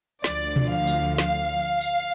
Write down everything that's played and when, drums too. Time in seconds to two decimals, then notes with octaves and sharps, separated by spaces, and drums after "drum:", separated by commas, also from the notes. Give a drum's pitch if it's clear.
0.24 D2 D3 F3 D5, drum: snare
0.56 drum: tom B2
0.72 F5
0.87 drum: tambourine
1.18 F5, drum: snare
1.81 drum: tambourine